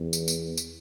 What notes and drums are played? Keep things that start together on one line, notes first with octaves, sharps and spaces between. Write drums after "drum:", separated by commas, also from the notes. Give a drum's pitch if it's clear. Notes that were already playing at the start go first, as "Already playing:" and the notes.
Already playing: E2
drum: tambourine
drum: tambourine
drum: tambourine